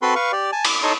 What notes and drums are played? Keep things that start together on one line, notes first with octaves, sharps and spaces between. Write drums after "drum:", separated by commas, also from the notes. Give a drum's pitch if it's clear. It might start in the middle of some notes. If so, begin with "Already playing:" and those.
C4 F#4 A4 B4 B5 C6
B4 F5 C#6
G4 D5
G#5 A5
D6, drum: cymbal
D#4 A4 C#5 A#5 C6